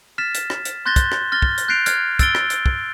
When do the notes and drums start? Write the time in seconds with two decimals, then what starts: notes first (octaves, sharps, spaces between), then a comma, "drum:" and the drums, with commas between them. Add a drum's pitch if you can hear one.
0.18 F6 A6 B6 E7
0.35 drum: hi-hat
0.50 drum: rim click
0.65 drum: hi-hat
0.86 C6 F#6 G6 A6 A#6 G7
0.96 drum: kick, hi-hat
1.12 drum: rim click
1.32 F6 A6 A#6 G7
1.42 drum: kick
1.58 drum: hi-hat
1.68 F#6 G6 A#6 C7 D7 F7
1.86 F6 F#6 G#6, drum: hi-hat
2.19 E6 A6 D7 G7, drum: kick, hi-hat
2.35 drum: rim click
2.50 drum: hi-hat
2.66 drum: kick